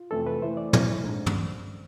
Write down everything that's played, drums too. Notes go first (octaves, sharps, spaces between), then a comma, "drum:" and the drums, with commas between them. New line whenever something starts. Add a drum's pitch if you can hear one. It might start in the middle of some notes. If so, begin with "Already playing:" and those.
Already playing: F4
F2 C3 E3 A3 E4 A4
B4
E3 A3 E4 C5
D5
E3 A3 E4, drum: tom
G#2 G#3 D4
drum: tom